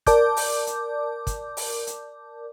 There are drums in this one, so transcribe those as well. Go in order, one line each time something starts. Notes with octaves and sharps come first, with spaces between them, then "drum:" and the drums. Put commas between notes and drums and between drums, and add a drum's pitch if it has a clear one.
A#4 D5 A5 D6 G6, drum: kick, hi-hat
drum: open hi-hat
drum: hi-hat
drum: kick, hi-hat
drum: open hi-hat
drum: hi-hat